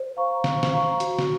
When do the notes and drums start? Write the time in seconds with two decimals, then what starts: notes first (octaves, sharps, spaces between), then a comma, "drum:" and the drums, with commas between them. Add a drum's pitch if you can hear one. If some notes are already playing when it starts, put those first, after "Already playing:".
Already playing: C5
0.17 F5 A#5 C#6
0.44 C5, drum: snare
0.63 drum: snare
0.72 F5 A#5 C#6
1.00 F#4, drum: hi-hat
1.19 drum: snare